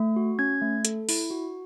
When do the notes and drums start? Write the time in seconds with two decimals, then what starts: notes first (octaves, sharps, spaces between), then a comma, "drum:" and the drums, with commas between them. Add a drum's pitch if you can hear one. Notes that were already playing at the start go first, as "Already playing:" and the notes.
Already playing: A3
0.16 F#4
0.39 C#4 G#6
0.62 A3
0.85 A4, drum: hi-hat
1.09 E4, drum: open hi-hat
1.30 F#4